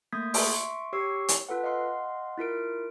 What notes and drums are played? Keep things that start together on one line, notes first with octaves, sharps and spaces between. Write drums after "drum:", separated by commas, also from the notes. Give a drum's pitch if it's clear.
A3 A#3 D#6 G6 G#6 B6
E5 C6 C#6 D7, drum: open hi-hat
G4 C#5 C#6 E6 C7
drum: hi-hat
F4 A4 B4 F#5
D#5 F5 F#5 C6
E4 F4 A#4 D7